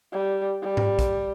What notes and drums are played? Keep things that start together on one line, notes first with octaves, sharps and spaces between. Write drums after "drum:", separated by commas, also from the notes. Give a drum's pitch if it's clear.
G3
G3
drum: tom G#2
drum: kick A#1, hi-hat